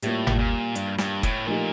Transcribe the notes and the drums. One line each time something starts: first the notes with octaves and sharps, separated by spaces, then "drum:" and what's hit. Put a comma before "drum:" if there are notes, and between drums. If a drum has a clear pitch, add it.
A2 G3 A#3 F4 A#4, drum: hi-hat
drum: tom G1
A#2
G2, drum: hi-hat
G2, drum: snare
A2, drum: kick, hi-hat
A#2 F3 A3 D#4 G4